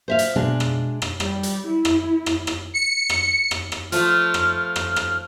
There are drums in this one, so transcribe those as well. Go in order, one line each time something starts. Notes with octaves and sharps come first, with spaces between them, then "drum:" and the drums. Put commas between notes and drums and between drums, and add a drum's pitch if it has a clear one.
C5 E5 F5
drum: hi-hat
B2 G#3 D4 F5
drum: rim click
drum: rim click
G3, drum: rim click
drum: hi-hat
E4
drum: rim click
drum: rim click
drum: rim click
C#7
drum: rim click
drum: rim click
drum: rim click
F3 A3 F4 F6, drum: hi-hat
drum: rim click
F6
drum: rim click
drum: rim click